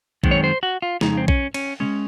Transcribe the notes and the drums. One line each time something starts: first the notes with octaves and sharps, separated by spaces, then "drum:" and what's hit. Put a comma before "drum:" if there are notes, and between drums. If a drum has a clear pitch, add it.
F#2 D#3 G#3 C4, drum: kick A#1
C#5
C5
F#4
F4
F2 C#3 G#3 D#4, drum: snare
C4
C#4, drum: kick A#1
C#4, drum: cymbal
C#3 G#3 C#4